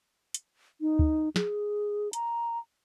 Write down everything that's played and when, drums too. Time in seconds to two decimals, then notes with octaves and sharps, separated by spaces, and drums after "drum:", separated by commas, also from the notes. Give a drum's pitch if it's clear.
0.34 drum: hi-hat
0.81 D#4
0.99 drum: kick
1.36 G#4, drum: snare
2.13 A#5, drum: hi-hat